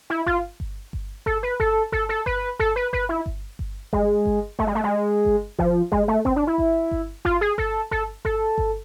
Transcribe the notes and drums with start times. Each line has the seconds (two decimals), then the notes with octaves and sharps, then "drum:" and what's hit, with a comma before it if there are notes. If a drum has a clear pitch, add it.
0.10 E4
0.26 F4, drum: kick G1
0.60 drum: kick G1
0.93 drum: kick G1
1.26 A4, drum: kick G1
1.43 B4
1.60 A4, drum: kick G1
1.92 A4, drum: kick G1
2.09 A4
2.26 B4, drum: kick G1
2.59 A4, drum: kick G1
2.76 B4
2.93 B4, drum: kick G1
3.09 E4
3.26 drum: kick G1
3.59 drum: kick G1
3.93 G#3, drum: kick G1
4.26 drum: kick G1
4.59 A3, drum: kick G1
4.67 G#3
4.75 A3
4.84 G#3
5.25 drum: kick G1
5.59 F3, drum: kick G1
5.92 G#3, drum: kick G1
6.08 A3
6.25 C4, drum: kick G1
6.36 D4
6.47 E4
6.58 drum: kick G1
6.91 drum: kick G1
7.25 F4, drum: kick G1
7.41 G#4
7.58 A4, drum: kick G1
7.91 A4, drum: kick G1
8.25 A4, drum: kick G1
8.58 drum: kick G1